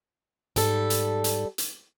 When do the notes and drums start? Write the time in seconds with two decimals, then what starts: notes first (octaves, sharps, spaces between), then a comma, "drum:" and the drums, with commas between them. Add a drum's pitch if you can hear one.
0.56 G#2 G3 A4, drum: hi-hat
0.90 drum: hi-hat
1.24 drum: hi-hat
1.58 drum: hi-hat